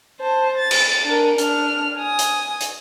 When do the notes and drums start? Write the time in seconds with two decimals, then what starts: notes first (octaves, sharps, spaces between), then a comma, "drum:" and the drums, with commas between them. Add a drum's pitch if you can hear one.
0.21 C5 A5
0.57 A6
0.71 drum: cymbal
1.05 D4 A#4
1.38 D4 F6, drum: hi-hat
1.97 G#5 D#6
2.19 drum: hi-hat
2.60 drum: hi-hat